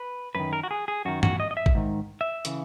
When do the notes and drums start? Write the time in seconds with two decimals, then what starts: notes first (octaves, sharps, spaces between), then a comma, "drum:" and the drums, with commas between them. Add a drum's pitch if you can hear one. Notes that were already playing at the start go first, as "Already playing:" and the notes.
Already playing: B4
0.35 F#2 D#3 B4
0.53 A#4
0.63 F#4
0.71 G#4
0.88 G#4
1.05 F#2 D#3 F#4
1.23 F#4, drum: tom G2
1.40 D#5
1.51 D#5
1.57 E5
1.66 drum: kick A1
1.75 G#2 D#3
2.21 E5
2.45 C#3 E3, drum: hi-hat